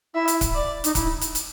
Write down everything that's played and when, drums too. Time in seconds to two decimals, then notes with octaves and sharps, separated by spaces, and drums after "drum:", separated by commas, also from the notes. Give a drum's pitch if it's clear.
0.14 E4 E5
0.28 drum: hi-hat
0.41 drum: kick C#1, hi-hat
0.55 D5
0.84 D#4, drum: hi-hat
0.95 E4, drum: kick C#1, hi-hat
1.21 drum: hi-hat
1.35 drum: hi-hat